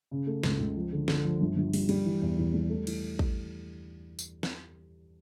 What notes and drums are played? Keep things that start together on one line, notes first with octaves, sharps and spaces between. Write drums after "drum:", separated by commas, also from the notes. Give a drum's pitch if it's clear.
C#3
A3
C#2, drum: snare
C#2
F3
D3
D3, drum: snare
F3
G1
G1
G3, drum: open hi-hat
G3, drum: cymbal
E3
E2
E2
G3
A3
E3, drum: cymbal
drum: kick
drum: tambourine
drum: snare